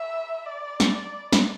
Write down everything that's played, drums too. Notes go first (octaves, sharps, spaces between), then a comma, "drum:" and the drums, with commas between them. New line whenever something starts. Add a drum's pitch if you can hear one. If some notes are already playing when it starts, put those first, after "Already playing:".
Already playing: E5
D5
drum: snare
drum: snare